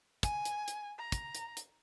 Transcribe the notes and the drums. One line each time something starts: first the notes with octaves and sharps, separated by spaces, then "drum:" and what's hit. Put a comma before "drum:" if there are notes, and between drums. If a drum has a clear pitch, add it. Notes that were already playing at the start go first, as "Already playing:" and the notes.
G#5, drum: kick, hi-hat
drum: hi-hat
drum: hi-hat
A#5
drum: kick, hi-hat
drum: hi-hat
drum: hi-hat